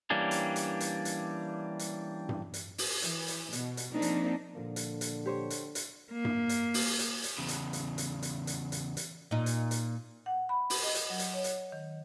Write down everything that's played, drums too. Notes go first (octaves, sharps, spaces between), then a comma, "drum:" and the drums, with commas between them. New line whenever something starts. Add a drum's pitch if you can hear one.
E3 G3 A#3 C#4 D4
drum: hi-hat
drum: hi-hat
drum: hi-hat
drum: hi-hat
drum: hi-hat
drum: tom G2
drum: hi-hat
drum: open hi-hat
E3, drum: hi-hat
drum: hi-hat
B2, drum: hi-hat
drum: hi-hat
F3 A#3 C4 D4 D#4
drum: hi-hat
A#2 D3 F3 A#3
drum: hi-hat
drum: hi-hat
G4 C5 C#5
drum: hi-hat
drum: hi-hat
A#3
drum: tom G2
drum: hi-hat
drum: open hi-hat
drum: hi-hat
drum: hi-hat
E2 C#3
drum: hi-hat
drum: hi-hat
drum: hi-hat
drum: hi-hat
drum: hi-hat
drum: hi-hat
drum: hi-hat
A#2 D#4
drum: hi-hat
drum: hi-hat
F#5
B5
drum: open hi-hat
D#5
drum: hi-hat
F#3
drum: hi-hat
C#5
drum: hi-hat
D#3